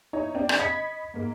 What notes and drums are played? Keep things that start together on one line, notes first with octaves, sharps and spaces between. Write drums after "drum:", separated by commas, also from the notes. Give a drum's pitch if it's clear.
D#4 E4 C#5
C4 D4
drum: rim click
D#5 B5 G#6 B6 C#7
G#2 A#3